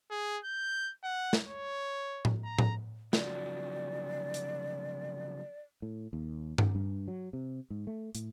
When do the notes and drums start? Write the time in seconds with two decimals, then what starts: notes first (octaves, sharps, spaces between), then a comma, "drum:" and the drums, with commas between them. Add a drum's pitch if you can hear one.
0.11 G#4
0.44 G6
1.03 F#5
1.33 drum: snare
1.48 C#5
2.25 drum: tom A2
2.44 A#5
2.59 drum: tom A2
3.13 C#3 F3 F#3 D5, drum: snare
4.34 drum: hi-hat
5.82 A2
6.13 D#2
6.58 drum: tom G2
6.75 G2
7.08 F#3
7.33 C3
7.70 G#2
7.87 A3
8.15 A2, drum: hi-hat